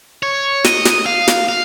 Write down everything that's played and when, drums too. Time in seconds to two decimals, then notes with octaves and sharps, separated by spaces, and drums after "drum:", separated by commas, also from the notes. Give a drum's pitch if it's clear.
0.23 C#5
0.64 D#5, drum: snare
0.85 drum: snare
1.06 F5
1.28 drum: snare
1.49 F5